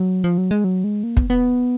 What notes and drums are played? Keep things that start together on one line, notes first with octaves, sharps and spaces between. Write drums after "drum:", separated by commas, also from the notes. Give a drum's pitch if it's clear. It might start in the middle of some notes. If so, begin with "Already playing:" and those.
Already playing: F#3
F3
F#3
G#3
F#3
G#3
A#3
B3, drum: kick
B3